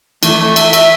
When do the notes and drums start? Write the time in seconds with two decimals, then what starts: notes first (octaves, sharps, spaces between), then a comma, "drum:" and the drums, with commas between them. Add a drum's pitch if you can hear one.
0.23 E3 A3, drum: cymbal
0.39 A3
0.56 E5, drum: cymbal
0.73 E5, drum: cymbal